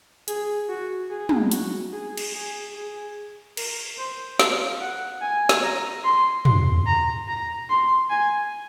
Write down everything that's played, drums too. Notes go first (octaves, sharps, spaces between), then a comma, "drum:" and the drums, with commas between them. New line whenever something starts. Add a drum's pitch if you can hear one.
G#4, drum: hi-hat
F#4
G#4
drum: tom
F#4, drum: hi-hat
G#4
drum: cymbal
G#4
G#4
A#4, drum: cymbal
C5
F5, drum: snare
F#5
G#5
drum: snare
A#5
C6
C6, drum: tom
A#5
A#5
C6
G#5